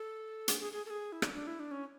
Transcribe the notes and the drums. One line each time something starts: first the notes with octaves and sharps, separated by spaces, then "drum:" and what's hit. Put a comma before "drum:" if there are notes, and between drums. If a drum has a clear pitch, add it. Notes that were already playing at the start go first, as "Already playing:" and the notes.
Already playing: A4
G#4, drum: hi-hat
G#4
G#4
A4
G#4
E4
D4, drum: rim click
D4
E4
D4
C#4